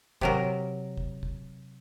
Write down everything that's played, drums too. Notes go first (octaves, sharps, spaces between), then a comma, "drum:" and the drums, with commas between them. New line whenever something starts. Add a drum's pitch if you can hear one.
C3 F#3 A#4, drum: kick
drum: kick
drum: kick